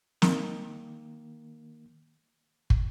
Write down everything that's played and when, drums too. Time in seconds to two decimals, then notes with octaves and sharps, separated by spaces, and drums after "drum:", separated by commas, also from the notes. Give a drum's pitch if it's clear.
0.22 D#3 A#3, drum: snare
2.70 drum: kick